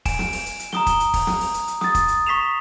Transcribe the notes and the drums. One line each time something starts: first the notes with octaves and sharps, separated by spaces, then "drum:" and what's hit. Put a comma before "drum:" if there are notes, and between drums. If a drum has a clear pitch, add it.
G#5 D7 E7, drum: kick, open hi-hat
drum: snare
drum: open hi-hat
drum: hi-hat
drum: hi-hat
A#5 D#6 G7, drum: snare
drum: kick, hi-hat
drum: hi-hat
drum: kick, open hi-hat
drum: snare
drum: open hi-hat
drum: hi-hat
drum: hi-hat
D#6 A6, drum: snare
drum: kick, hi-hat
drum: hi-hat
C#6 B6 C7 E7 F7